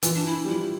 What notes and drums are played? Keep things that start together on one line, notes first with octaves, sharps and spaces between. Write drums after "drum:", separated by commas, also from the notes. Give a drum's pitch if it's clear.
E3 F4, drum: hi-hat
D4
E4
G3
F3 E4